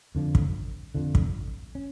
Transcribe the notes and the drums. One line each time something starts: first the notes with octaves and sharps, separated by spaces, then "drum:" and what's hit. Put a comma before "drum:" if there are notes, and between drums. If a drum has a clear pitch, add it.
F2 D3 F3
drum: kick
F2 D3 F3
drum: kick
C#4